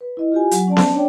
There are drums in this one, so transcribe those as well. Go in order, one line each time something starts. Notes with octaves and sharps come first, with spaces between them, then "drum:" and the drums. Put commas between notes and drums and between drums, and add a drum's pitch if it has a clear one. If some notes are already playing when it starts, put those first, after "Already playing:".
B4
E4 D#5
F4 G4 G#5
F#3, drum: hi-hat
C#4 D5 A5
drum: snare B3
D4 C#5 D5 G5